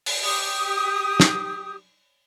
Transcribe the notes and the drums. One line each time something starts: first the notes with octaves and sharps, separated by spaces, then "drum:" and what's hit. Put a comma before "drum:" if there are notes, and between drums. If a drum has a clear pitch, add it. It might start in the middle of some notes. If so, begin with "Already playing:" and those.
drum: open hi-hat
G4 D#6, drum: open hi-hat
drum: snare